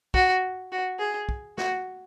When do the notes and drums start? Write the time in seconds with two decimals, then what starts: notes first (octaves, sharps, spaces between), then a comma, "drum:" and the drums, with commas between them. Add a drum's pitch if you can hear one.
0.14 F#4, drum: kick
0.72 F#4
0.99 G#4
1.29 drum: kick
1.58 F#4, drum: snare